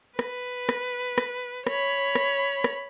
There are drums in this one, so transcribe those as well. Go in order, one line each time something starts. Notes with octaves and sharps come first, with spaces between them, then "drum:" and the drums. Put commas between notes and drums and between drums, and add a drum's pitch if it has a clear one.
B4, drum: rim click
drum: rim click
drum: rim click
C#5 B5, drum: rim click
drum: rim click
drum: rim click